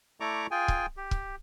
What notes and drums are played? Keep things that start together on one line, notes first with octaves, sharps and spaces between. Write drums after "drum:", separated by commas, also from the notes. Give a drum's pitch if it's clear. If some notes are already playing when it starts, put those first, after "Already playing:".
A3 E4 D5 A#5 C#6 D6
F4 G#4 G5 G#5
drum: kick
G4
drum: kick